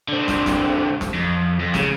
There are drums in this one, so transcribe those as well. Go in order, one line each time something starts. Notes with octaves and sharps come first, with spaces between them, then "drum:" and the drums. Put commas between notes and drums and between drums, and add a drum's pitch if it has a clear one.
D3 C4
drum: snare
drum: snare
drum: snare
F2
F2
C#3, drum: snare